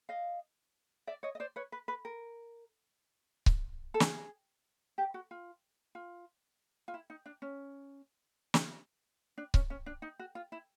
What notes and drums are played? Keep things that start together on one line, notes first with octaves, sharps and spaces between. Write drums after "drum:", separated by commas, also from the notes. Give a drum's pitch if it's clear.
D#5 F5
D5 E5
C#5 D#5
D#5
C5 D5
B4 C#5
B4
B4
A#4
drum: kick C#1
A4
G#4, drum: snare
G4
F#4
F4
F4
F4
E4
D#4
D4
C#4
drum: snare
D4
C#4, drum: kick C#1
C#4
D4
D#4
F#4
F4
E4